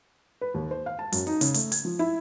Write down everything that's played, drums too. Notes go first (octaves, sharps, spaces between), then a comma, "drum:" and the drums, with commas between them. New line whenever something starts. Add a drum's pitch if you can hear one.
B4
D#2
C5
F5
A5
F#2, drum: hi-hat
D#4, drum: open hi-hat
C#3, drum: hi-hat
A3, drum: hi-hat
G#6, drum: hi-hat
F3
E4